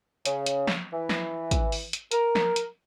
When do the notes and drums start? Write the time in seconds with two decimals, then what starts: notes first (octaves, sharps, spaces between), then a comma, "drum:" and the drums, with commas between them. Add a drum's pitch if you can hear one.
0.25 C#3, drum: hi-hat
0.46 drum: hi-hat
0.67 drum: snare
0.93 E3
1.09 drum: snare
1.51 drum: kick, hi-hat
1.72 drum: open hi-hat
1.93 drum: hi-hat
2.11 A#4, drum: hi-hat
2.35 drum: snare
2.56 drum: hi-hat